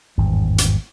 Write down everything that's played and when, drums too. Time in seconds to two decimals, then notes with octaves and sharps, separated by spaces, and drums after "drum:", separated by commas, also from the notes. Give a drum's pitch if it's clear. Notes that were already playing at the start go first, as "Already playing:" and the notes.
0.18 G#1 E2 G2
0.58 drum: hi-hat